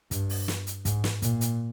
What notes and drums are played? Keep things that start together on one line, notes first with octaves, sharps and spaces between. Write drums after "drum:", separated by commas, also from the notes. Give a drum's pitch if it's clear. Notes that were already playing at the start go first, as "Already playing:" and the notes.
G2, drum: kick, hi-hat
drum: open hi-hat
drum: snare
drum: hi-hat
G#2, drum: kick, hi-hat
drum: snare
A#2, drum: kick, hi-hat
drum: hi-hat